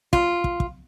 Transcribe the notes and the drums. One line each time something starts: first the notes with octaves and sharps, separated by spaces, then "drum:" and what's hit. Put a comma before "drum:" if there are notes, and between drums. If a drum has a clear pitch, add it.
F4, drum: kick
drum: kick
drum: kick